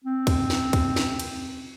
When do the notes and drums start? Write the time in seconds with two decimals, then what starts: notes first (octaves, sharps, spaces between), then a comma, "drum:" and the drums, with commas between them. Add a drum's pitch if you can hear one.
0.04 C4
0.27 drum: kick, cymbal
0.50 drum: snare
0.73 drum: kick, cymbal
0.96 drum: snare
1.19 drum: cymbal